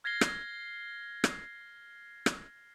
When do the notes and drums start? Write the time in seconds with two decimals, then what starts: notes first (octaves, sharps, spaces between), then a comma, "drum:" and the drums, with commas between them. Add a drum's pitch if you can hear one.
0.04 F6 G#6 A#6 C7 G7
0.21 drum: rim click
1.24 drum: rim click
2.26 drum: rim click